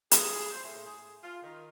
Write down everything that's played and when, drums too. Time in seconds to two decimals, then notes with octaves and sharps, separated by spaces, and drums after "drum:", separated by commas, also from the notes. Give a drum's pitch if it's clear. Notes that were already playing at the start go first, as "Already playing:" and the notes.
0.11 G#4, drum: hi-hat
0.51 C5
0.64 A2
0.85 G#4
1.23 F4
1.42 D#3